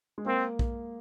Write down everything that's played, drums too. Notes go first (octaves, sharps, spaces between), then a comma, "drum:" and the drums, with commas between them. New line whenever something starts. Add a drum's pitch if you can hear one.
G#3
A#3 C4
drum: kick